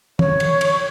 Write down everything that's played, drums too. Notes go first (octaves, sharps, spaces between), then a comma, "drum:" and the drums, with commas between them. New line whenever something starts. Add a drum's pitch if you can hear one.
C#5, drum: tom
drum: cymbal
drum: cymbal